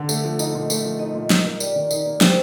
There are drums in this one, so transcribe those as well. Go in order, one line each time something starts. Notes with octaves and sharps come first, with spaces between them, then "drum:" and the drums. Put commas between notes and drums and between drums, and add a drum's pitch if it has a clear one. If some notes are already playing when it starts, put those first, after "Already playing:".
Already playing: D3
A3, drum: tambourine
F3
D#4 D#5, drum: tambourine
A#2
A3, drum: tambourine
F3
D#4 D#5
A#2
D#4, drum: snare
A#3
G4 D5, drum: tambourine
D#3
D#4, drum: tambourine
A#3
G4 C5, drum: snare